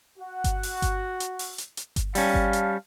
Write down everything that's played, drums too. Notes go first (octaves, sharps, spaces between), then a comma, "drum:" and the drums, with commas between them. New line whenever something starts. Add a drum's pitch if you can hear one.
F#4 F#5
drum: kick G1, hi-hat
drum: open hi-hat
drum: kick G1, hi-hat
drum: hi-hat
drum: open hi-hat
drum: hi-hat
drum: hi-hat
drum: kick G1, hi-hat
G3 C#4 F5 A5, drum: open hi-hat
drum: kick G1
drum: hi-hat